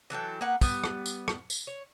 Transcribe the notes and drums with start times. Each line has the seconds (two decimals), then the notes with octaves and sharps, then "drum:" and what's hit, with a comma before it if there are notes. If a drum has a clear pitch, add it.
0.10 E3 F#3 A4 G5
0.41 A#3 B3 F#5
0.61 G3 B3, drum: kick, tambourine
0.84 drum: rim click
1.06 drum: tambourine
1.28 drum: rim click
1.50 drum: tambourine
1.67 C#5